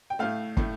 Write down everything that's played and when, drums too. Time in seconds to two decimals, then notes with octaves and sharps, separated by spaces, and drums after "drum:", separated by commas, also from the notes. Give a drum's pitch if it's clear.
0.10 G5
0.19 A2 A3 F5
0.57 A2 A3, drum: kick